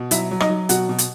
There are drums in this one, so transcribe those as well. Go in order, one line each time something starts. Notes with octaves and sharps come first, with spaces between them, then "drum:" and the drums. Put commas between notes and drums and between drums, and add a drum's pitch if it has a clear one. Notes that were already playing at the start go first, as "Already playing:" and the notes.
Already playing: B2
F#3 E4 E5, drum: hi-hat
F#3
D#4 D#5, drum: rim click
F#3
B2 F#4 F#5, drum: hi-hat
B2
drum: hi-hat